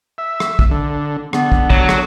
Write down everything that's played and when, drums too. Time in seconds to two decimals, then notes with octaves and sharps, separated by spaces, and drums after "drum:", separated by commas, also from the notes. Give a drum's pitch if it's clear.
0.18 E5
0.40 drum: rim click
0.59 drum: kick
0.71 D3
1.33 D3 B3, drum: rim click
1.52 drum: kick
1.70 F#3, drum: kick
1.89 drum: rim click